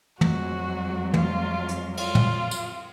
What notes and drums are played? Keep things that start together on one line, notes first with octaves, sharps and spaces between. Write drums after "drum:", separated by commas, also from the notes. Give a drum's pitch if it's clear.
F2 F#3 G#3 F#4, drum: tom
F4, drum: tom
drum: hi-hat
F4, drum: cymbal
drum: tom
drum: tambourine